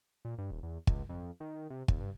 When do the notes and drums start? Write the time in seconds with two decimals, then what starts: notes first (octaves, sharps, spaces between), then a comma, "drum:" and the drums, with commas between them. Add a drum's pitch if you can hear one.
0.25 A#2
0.38 G2
0.51 D#1
0.63 E2
0.87 C#2, drum: kick
1.09 F2
1.40 D#3
1.70 C3
1.88 D#2, drum: kick
2.01 G2